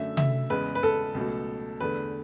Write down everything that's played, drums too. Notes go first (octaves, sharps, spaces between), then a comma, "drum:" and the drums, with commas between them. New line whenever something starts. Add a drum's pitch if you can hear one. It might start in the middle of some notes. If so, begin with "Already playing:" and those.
Already playing: F#2 D3 A3 E5
E5, drum: tom
E2 C#3 G#3 B4
B4
A4
C#2 B2 F#3 A3
E2 D3 A3 B4